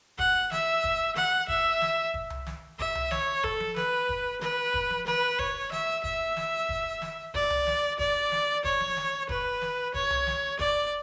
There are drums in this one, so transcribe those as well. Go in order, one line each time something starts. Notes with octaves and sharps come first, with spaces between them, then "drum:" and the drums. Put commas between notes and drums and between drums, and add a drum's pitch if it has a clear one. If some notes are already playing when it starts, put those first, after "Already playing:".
F#5, drum: kick E1
E5, drum: snare
drum: kick E1
F#5, drum: snare
E5, drum: kick E1
drum: snare
drum: kick E1
drum: tom C2
drum: snare
E5, drum: kick E1
drum: tom C2
C#5, drum: snare
A4, drum: kick E1
drum: tom F3
B4, drum: snare
drum: kick E1
B4, drum: snare
drum: kick E1
drum: tom F3
B4, drum: snare
C#5, drum: kick E1
E5, drum: snare
E5, drum: kick E1
drum: snare
drum: kick E1
drum: snare
D5, drum: kick E1
drum: tom C2
drum: snare
D5, drum: kick E1
drum: snare
C#5, drum: kick E1
drum: tom F3
drum: snare
B4, drum: kick E1
drum: snare
C#5, drum: kick E1
drum: tom C2
drum: snare
D5, drum: kick E1